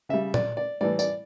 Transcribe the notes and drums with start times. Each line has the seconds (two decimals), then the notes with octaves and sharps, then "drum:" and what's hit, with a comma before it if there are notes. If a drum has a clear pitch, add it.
0.09 C#3 G3 E5
0.34 D5, drum: tom A#2
0.57 D5
0.81 A2 E3 G3 D5
0.99 D5, drum: tambourine